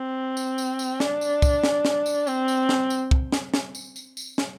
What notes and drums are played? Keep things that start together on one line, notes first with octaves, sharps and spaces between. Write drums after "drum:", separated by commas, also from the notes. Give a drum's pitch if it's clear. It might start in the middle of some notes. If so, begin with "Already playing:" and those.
Already playing: C4
drum: tambourine
drum: tambourine
drum: tambourine
D4, drum: snare
drum: tambourine
drum: kick, tambourine
drum: snare
drum: snare
drum: tambourine
C4, drum: tambourine
drum: tambourine
drum: snare
drum: tambourine
drum: kick
drum: snare
drum: snare
drum: tambourine
drum: tambourine
drum: tambourine
drum: snare